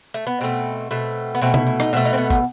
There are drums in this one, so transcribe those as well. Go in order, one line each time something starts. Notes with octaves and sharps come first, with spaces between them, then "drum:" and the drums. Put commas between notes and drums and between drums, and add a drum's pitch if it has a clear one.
A3
B3
B2 A3 C4
B2 A3
B3
B2 A3 C4
E4, drum: tom C3
E4
D#4, drum: rim click
B2 A3 C4
D#4
C4
B3
B3, drum: kick